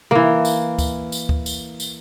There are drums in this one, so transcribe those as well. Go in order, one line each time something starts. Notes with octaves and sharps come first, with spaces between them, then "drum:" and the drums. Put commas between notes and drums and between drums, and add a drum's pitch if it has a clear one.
E3 A#3, drum: tom C3
drum: tambourine
drum: kick D2, tambourine
drum: tambourine
drum: kick D2
drum: tambourine
drum: tambourine